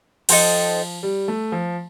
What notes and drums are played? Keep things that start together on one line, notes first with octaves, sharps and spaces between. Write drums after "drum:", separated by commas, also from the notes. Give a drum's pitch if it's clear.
F3 D#4 A4 C5 G5, drum: cymbal
G3
A3
F3